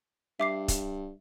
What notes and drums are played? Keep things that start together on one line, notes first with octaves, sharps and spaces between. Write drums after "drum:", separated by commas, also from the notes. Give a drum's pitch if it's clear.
G2 E5 D6 C7
drum: kick, hi-hat